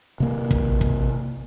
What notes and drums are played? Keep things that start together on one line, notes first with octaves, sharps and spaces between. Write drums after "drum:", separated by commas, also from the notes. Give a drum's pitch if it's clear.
C3 A#3
drum: kick
drum: kick